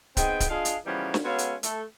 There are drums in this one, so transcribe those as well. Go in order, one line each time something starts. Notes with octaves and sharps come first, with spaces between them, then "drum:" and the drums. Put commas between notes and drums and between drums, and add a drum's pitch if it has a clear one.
B3 C4 D#4 G#4 G5, drum: kick C#1, hi-hat
drum: kick C#1, hi-hat
D4 F4 G#4 D#5 F5
drum: hi-hat
C#3 E3 F3 G3 A#3 B3
drum: snare
G#3 B3 C#4 F#4 A4 F5
drum: hi-hat
A3 A4, drum: hi-hat